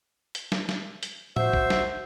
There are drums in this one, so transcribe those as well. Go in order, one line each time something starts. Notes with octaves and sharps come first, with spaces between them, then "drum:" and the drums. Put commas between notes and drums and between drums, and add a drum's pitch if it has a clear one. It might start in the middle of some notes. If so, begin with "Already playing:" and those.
drum: hi-hat
drum: snare
drum: snare
drum: hi-hat
F#4 C5 E5, drum: tom A2
drum: kick B1
drum: snare